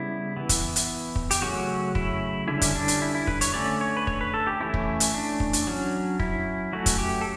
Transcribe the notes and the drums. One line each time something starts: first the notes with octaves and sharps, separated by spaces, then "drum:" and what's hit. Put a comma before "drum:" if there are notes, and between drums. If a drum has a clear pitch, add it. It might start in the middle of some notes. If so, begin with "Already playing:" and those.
Already playing: C#3 G3 B3 E4
E3 B3
drum: kick, hi-hat
drum: hi-hat
drum: kick
G4, drum: hi-hat
C#3 F#3 A3 C#4 F#4
E4, drum: kick
D3 G3 C#4 E4
drum: kick, hi-hat
D4
drum: hi-hat
E4
E4
B4, drum: kick
C#5, drum: hi-hat
D3 A3 C#4 D5
C#5
B4
C#5, drum: kick
B4
A4
G4
E3 A3 C#4 E4
drum: kick
drum: hi-hat
D4
drum: kick
drum: hi-hat
F#3 C#4
E4, drum: kick
F#3 A3 C#4 F#4
drum: kick, hi-hat
G4
A4